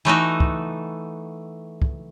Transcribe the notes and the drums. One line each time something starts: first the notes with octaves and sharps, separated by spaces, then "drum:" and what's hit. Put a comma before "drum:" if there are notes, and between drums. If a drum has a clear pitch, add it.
E3 A3 D#4 F#4
drum: kick
drum: kick